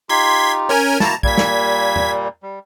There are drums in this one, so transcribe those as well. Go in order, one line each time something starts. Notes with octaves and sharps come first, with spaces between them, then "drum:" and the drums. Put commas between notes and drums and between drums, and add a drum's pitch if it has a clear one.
D#4 F4 G4 C6 G#6 B6
C#4 A#4 G#5
A#3 E4 F#4 A5 A#5, drum: snare
A#2 G3 A#3 G#6 B6, drum: kick
drum: snare
drum: tom E2
G3